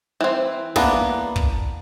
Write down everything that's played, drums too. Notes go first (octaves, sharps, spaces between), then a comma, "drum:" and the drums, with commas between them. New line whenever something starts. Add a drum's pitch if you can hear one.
E3 C4
E3 A#3 B3 D4, drum: snare
drum: kick